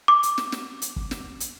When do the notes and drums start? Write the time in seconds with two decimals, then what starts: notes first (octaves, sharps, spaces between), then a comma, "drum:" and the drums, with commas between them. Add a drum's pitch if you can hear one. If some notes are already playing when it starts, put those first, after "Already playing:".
0.08 D6
0.23 drum: hi-hat
0.38 drum: snare
0.52 drum: snare
0.82 drum: hi-hat
0.96 drum: kick
1.11 drum: snare
1.40 drum: hi-hat